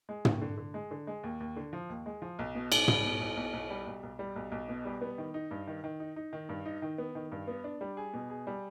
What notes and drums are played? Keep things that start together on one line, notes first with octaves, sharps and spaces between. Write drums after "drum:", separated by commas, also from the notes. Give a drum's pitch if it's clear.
G#3
D#2, drum: tom
D3
D3
G#3
D3
G#3
D#2
D#2
D3
F3
D#2
G#3
F3
B1
B2
B1, drum: cymbal
G3, drum: tom
B2
B1
B1
B1
G3
B1
B1
G3
B1
B1
B2
G3
B3
D#3
D#4
G2
D#3
D#3
D#4
D#4
D#3
G2
D#4
D#3
B3
D#3
G2
B3
D4
G3
G#4
B2
G#4
G3